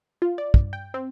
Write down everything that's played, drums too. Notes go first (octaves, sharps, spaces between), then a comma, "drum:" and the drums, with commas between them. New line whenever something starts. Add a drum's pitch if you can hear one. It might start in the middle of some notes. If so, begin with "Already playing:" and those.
F4
D5
G2, drum: kick
G5
C4